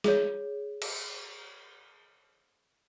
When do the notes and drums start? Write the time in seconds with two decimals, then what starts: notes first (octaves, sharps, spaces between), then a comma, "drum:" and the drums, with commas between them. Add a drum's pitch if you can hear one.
0.04 G#4 C#5, drum: snare
0.82 drum: cymbal